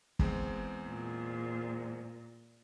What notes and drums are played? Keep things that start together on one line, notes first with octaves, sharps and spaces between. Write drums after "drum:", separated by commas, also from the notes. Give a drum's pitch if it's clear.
E2 G#3 C4, drum: kick
A#2